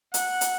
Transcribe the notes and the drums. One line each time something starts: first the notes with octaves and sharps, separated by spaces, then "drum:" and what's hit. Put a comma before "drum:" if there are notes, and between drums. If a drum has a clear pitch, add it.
F#5, drum: hi-hat
drum: hi-hat